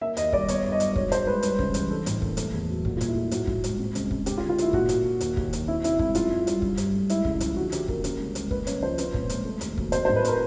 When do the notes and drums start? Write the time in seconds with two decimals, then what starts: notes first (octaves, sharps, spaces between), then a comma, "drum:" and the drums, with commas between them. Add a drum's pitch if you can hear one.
0.01 A#3 E5
0.17 D#2 D#5, drum: hi-hat
0.33 G3 D5, drum: kick
0.48 B3 C#5, drum: hi-hat
0.64 G2
0.72 D#5
0.80 F#3, drum: hi-hat
0.96 G#2 C#5, drum: kick
1.12 G#2 C5, drum: hi-hat
1.27 G#3 B4
1.43 G3, drum: hi-hat
1.59 C#2, drum: kick
1.74 E3, drum: hi-hat
1.90 D4 A4
2.06 A2, drum: hi-hat
2.22 A#3, drum: kick
2.37 A3, drum: hi-hat
2.54 E2
2.69 F#3
2.85 A#2 F#4, drum: kick
2.97 F4
3.01 A#2, drum: hi-hat
3.08 E4
3.16 A3 F4
3.31 A2 F#4, drum: hi-hat
3.47 A2, drum: kick
3.64 G#3, drum: hi-hat
3.79 C4
3.95 C#2, drum: hi-hat
4.11 G#3, drum: kick
4.26 D4 G4, drum: hi-hat
4.38 F4
4.42 D3
4.49 F4
4.58 A#3 E4, drum: hi-hat
4.73 A#2 F#4, drum: kick
4.89 A#2, drum: hi-hat
5.05 A#3
5.21 D#2, drum: hi-hat
5.37 D#2, drum: kick
5.53 F#3, drum: hi-hat
5.68 C4 E4
5.84 C3 E4, drum: hi-hat
5.99 G#3 E4, drum: kick
6.15 F#2 F4, drum: hi-hat
6.31 F#2
6.47 G3, drum: hi-hat
6.62 D4, drum: kick
6.77 G2, drum: hi-hat
6.94 A3
7.09 G#3 E4, drum: hi-hat
7.25 C#2, drum: kick
7.33 E4
7.40 F3, drum: hi-hat
7.57 D3 F#4
7.72 D3 G4, drum: hi-hat
7.88 A#3 A#4, drum: kick
8.04 C#4, drum: hi-hat
8.20 C#2
8.35 G#3, drum: hi-hat
8.51 A#3 B4, drum: kick
8.67 C#2 C#5, drum: hi-hat
8.82 F3 C5
8.98 C4 B4, drum: hi-hat
9.14 A#2, drum: kick
9.29 G#3, drum: hi-hat
9.45 A3
9.61 D#2, drum: hi-hat
9.78 F#3, drum: kick
9.92 C4 C5, drum: hi-hat
10.05 C5
10.09 A2
10.16 B4
10.25 A3 A#4, drum: hi-hat